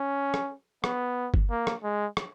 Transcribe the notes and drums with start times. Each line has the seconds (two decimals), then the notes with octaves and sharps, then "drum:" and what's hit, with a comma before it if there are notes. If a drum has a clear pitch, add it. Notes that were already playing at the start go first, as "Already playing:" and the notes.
Already playing: C#4
0.34 drum: rim click
0.84 B3, drum: rim click
1.34 drum: kick G1
1.51 A#3
1.67 drum: rim click
1.83 G#3
2.17 drum: rim click